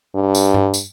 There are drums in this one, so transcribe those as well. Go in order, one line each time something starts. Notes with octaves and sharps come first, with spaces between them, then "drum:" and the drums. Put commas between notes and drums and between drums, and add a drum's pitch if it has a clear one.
G2
drum: tambourine
drum: tom G2
drum: tambourine